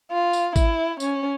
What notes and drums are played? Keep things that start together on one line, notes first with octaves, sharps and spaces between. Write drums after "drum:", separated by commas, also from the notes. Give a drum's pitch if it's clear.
F4
drum: tambourine
E4, drum: kick, tambourine
C#4, drum: tambourine